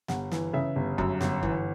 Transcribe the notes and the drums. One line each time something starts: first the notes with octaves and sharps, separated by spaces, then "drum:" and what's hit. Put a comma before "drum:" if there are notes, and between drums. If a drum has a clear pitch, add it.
G1 F#5, drum: snare
E3, drum: snare
C#3 E5
G1
F#2, drum: kick F#1
G1, drum: snare
E3, drum: kick F#1